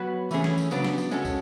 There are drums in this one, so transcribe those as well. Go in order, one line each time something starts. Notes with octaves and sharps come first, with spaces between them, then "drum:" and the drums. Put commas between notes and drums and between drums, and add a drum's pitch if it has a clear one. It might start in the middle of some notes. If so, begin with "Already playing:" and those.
Already playing: F#3 B3 F#4 B4
E3 A3 C#4 G#4, drum: tambourine
drum: snare
drum: tambourine
C#3 F#3 B3 D4, drum: tambourine
drum: snare
drum: tambourine
G#3 C#4 F#4 A4, drum: tambourine
drum: kick, tambourine